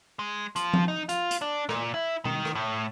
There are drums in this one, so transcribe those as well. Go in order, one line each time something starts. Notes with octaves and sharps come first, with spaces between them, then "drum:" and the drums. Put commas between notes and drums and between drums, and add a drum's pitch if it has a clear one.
G#3
F3, drum: hi-hat
drum: tom F3
D#4
F4, drum: hi-hat
drum: hi-hat
D4
A#2, drum: rim click
E4
D#3, drum: tom B2
drum: rim click
A2